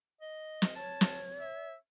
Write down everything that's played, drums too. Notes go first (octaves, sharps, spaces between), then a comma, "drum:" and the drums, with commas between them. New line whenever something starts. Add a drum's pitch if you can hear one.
D#5
drum: snare
C#5 A5
drum: snare
E5